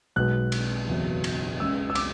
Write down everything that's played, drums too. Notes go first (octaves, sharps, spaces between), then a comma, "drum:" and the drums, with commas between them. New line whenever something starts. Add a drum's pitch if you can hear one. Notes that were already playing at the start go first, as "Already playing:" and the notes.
B1 B2 G#3 B3 F#6
drum: cymbal
F#1 E2 B2 F#3
drum: cymbal
C#2 C#3 G#3 E6
E6
D6, drum: cymbal